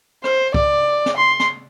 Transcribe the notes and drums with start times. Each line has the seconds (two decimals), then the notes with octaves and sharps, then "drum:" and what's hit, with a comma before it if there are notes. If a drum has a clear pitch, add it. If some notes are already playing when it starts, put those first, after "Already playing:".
0.24 C5, drum: rim click
0.54 D5, drum: kick
1.06 drum: snare
1.17 C6
1.40 drum: snare